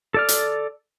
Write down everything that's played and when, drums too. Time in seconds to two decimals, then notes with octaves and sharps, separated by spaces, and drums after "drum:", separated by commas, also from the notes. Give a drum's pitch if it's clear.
0.14 A4 D5 F6
0.29 drum: hi-hat